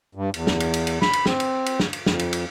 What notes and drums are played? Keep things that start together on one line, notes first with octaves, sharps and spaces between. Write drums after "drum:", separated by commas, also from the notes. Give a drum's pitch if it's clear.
G2
E2, drum: cymbal
drum: snare
drum: cymbal
drum: cymbal
drum: cymbal
B5, drum: snare
drum: cymbal
C4, drum: snare
drum: cymbal
drum: cymbal
drum: snare
drum: cymbal
F2, drum: snare
drum: cymbal
drum: cymbal